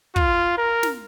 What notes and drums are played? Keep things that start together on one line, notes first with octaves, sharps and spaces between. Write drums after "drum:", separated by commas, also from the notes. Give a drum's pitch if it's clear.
F4, drum: kick
A#4
drum: snare